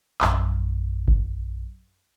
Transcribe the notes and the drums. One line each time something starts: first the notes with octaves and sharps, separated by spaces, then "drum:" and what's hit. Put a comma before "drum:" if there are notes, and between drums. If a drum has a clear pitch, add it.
A#1 F#2, drum: clap
drum: kick G1